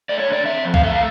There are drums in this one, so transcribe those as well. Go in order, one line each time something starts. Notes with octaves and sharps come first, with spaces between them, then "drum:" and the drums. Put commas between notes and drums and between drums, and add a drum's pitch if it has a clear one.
A3 D5
C#5
D3
D5
C4 E5
F3
F5, drum: kick C2
A3 E5
F5